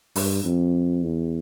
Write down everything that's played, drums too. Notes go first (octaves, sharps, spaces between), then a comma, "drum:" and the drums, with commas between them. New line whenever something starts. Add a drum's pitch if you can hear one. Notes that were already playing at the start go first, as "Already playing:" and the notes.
G2, drum: open hi-hat
F2
E2